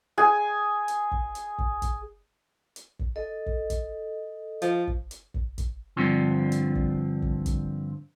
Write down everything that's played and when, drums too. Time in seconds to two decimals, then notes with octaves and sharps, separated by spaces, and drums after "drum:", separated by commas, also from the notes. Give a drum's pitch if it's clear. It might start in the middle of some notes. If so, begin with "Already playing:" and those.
0.18 G#4 G#5
0.88 drum: hi-hat
1.11 drum: kick
1.35 drum: hi-hat
1.58 drum: kick
1.82 drum: kick, hi-hat
2.76 drum: hi-hat
2.99 drum: kick
3.16 A4 D#5
3.46 drum: kick
3.70 drum: kick, hi-hat
4.62 F3, drum: hi-hat
4.87 drum: kick
5.11 drum: hi-hat
5.34 drum: kick
5.58 drum: kick, hi-hat
5.97 G2 D3 F3 C4
6.52 drum: hi-hat
6.75 drum: kick
7.22 drum: kick
7.46 drum: kick, hi-hat